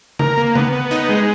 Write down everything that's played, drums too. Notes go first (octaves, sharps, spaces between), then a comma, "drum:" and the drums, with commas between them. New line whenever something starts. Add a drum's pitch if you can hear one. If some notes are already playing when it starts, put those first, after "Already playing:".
A#4, drum: tom C#3
A#3
B3, drum: tom C#3
B3
D#4, drum: hi-hat
G#3